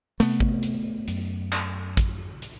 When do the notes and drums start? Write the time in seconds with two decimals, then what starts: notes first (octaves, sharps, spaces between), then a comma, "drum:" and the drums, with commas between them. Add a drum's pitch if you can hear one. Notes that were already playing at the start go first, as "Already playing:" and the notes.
0.20 C3 A3 B3, drum: hi-hat
0.40 drum: kick
0.63 drum: hi-hat
1.08 F#2, drum: hi-hat
1.52 drum: clap
1.97 drum: kick, hi-hat
2.42 drum: hi-hat